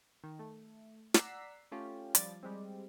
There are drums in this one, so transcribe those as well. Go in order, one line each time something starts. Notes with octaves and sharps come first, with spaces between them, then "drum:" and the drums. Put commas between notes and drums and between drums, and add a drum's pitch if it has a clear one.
D#3
A3
D5 F#5 A#5 E6 B6 C7, drum: snare
A3 C#4 F4 G4
F3 G3 D5 A6, drum: hi-hat
G3 G#3 C4